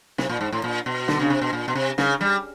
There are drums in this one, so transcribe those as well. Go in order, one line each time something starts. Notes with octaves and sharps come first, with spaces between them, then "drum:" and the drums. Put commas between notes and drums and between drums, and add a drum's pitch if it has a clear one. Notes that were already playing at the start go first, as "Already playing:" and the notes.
C3, drum: snare
A#2
G#2
A2
A#2
B2
D3, drum: snare
C#3
C3
B2
A#2
B2
C3
C#3, drum: snare
G3